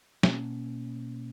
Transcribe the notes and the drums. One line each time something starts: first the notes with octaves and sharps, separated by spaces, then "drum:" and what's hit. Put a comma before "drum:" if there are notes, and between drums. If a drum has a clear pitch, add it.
B2 A#3 C#4, drum: snare